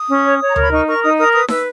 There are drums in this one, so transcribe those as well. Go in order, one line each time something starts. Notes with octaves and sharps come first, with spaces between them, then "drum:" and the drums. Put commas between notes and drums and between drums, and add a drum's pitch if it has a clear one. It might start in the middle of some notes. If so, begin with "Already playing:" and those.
Already playing: D#6
C#4
C#5
C#5
A#5
A#4 B5, drum: tom D2
D#4 C#6
A#4 C#6
D#4 D#6
A#4 D#6
B4 D#6
B4 E6, drum: snare D#4